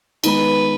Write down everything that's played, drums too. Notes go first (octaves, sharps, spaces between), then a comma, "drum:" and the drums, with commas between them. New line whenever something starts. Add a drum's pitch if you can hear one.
D#3 G#3 B3 D#4 B4, drum: cymbal